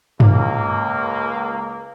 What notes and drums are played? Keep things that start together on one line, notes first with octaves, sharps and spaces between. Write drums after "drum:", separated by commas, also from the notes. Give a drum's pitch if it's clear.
C#2 A#3, drum: tom